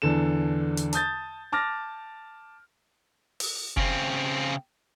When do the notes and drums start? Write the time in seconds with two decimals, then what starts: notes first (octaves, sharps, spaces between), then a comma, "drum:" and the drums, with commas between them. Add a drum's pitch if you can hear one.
0.02 E2 D3 A4 E7
0.77 drum: hi-hat
0.93 A5 D#6 G6 A6, drum: hi-hat
1.52 A5 D6 F6 A6 A#6
3.40 drum: open hi-hat
3.77 C#3 C4, drum: kick F1